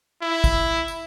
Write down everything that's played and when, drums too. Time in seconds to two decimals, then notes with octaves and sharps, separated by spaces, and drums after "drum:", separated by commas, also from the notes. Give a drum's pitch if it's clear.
0.22 E4
0.44 drum: kick, tambourine
0.88 drum: tambourine